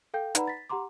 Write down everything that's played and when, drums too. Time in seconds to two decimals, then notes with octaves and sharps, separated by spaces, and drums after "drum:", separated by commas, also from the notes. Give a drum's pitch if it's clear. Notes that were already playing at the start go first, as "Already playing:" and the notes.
0.14 A4 F5 G5 G6
0.35 D#4 B4 D5 F#5 A#5 B5, drum: hi-hat
0.47 A6 B6
0.70 G4 F#5 A#5 C6 D6